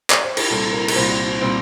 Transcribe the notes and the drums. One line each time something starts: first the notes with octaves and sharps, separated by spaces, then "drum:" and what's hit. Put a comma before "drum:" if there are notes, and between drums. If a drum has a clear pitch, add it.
D5, drum: clap
C5
A#4, drum: cymbal
C2 A#2 G3 C4 A4
A#4
A#4, drum: cymbal
C2 A#2 G3 C4 C5
A#2 G3 C4